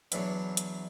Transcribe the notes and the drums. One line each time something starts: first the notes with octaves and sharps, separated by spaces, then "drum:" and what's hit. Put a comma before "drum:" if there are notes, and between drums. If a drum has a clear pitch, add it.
E2 E3 F#3 D4 C#5, drum: hi-hat
drum: hi-hat